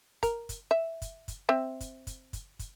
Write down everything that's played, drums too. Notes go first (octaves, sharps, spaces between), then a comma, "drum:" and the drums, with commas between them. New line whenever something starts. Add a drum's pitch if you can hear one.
A#4, drum: kick, hi-hat
drum: kick, hi-hat
E5
drum: kick, hi-hat
drum: kick, hi-hat
C4 E5
drum: kick, hi-hat
drum: kick, hi-hat
drum: kick, hi-hat
drum: kick, hi-hat